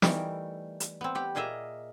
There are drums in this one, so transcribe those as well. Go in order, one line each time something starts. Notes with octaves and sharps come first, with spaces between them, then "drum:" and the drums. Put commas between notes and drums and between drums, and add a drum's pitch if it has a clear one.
E3 G3 A3 D#4 A#4, drum: snare
drum: hi-hat
B3 C4
B3 G4
A#2 A#3 G#4 D#5 E5 A#5